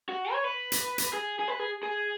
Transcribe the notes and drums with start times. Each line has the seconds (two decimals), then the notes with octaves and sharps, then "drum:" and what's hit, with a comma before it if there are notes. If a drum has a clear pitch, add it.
0.09 F#4
0.32 C#5
0.44 B4
0.72 drum: hi-hat
0.98 drum: hi-hat
1.13 G#4
1.39 G#4
1.48 B4
1.59 G#4
1.83 G#4